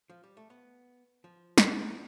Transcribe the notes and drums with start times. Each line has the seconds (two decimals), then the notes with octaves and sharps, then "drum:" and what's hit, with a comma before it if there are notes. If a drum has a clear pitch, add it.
0.10 F3
0.23 G3
0.37 A3
0.50 B3
1.24 F3
1.58 drum: snare
1.90 F3